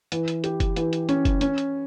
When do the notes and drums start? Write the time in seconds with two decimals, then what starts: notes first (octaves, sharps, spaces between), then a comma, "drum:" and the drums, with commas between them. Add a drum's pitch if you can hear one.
0.12 E3, drum: hi-hat
0.28 drum: hi-hat
0.44 G4, drum: hi-hat
0.60 drum: kick F#1, hi-hat
0.76 E3, drum: hi-hat
0.93 drum: hi-hat
1.09 C#4, drum: hi-hat
1.25 drum: kick F#1, hi-hat
1.41 C#4, drum: hi-hat
1.58 drum: hi-hat